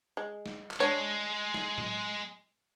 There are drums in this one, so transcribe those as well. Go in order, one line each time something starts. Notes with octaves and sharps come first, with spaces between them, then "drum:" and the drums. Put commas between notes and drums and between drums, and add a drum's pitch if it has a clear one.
G#3
drum: snare
drum: clap
G#3 D4 C#5
drum: snare
drum: tom A2